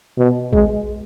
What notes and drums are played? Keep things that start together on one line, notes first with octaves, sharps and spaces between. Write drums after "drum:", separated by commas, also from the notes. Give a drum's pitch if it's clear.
B2
G#3, drum: kick